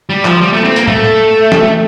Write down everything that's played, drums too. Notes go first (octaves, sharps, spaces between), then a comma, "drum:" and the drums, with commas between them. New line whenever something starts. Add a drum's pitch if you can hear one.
G3
F3, drum: clap
G3
A3
C4
A#3, drum: tambourine
A3, drum: tom
drum: snare